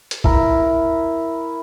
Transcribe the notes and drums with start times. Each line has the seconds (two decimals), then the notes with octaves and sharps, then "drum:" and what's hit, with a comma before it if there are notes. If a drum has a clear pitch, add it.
0.11 drum: hi-hat
0.24 E4 A#4, drum: kick